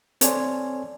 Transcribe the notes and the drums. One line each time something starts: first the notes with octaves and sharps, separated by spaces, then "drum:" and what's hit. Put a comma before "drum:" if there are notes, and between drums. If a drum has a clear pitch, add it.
C4 A4 C#5 D5 G#5 C6, drum: hi-hat